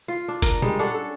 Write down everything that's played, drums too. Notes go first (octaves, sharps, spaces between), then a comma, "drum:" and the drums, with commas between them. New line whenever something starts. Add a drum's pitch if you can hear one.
F4
D4
A#4, drum: kick F#1, hi-hat
G3 G#3, drum: tom
C#4 D4 A4 F#5
A4